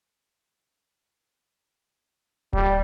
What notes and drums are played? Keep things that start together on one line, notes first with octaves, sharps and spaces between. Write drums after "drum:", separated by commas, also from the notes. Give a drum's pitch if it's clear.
G3, drum: kick D1